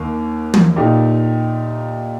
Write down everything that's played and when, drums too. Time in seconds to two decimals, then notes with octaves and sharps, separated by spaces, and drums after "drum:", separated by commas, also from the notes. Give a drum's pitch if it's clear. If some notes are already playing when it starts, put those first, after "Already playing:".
Already playing: D#2 D#3 A#3
0.54 drum: tom
0.76 A#2 A3 D#4 G4